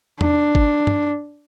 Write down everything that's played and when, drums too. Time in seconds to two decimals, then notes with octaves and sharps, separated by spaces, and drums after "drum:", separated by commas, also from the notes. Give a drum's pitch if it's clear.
0.21 D4, drum: tom E2
0.55 drum: kick
0.87 drum: tom